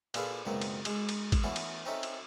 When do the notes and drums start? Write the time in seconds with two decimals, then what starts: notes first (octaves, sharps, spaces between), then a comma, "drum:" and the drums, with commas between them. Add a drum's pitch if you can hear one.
0.14 A#2 F4 G#4 A4 B4 F5, drum: cymbal
0.45 C#2 F#2 B2 A#3 C4
0.61 drum: cymbal
0.85 G#3, drum: cymbal
1.09 drum: cymbal
1.32 drum: kick, cymbal
1.44 E3 A3 B3 C#4
1.56 drum: cymbal
1.86 C4 C#4 D#4 A4 E5
2.03 drum: cymbal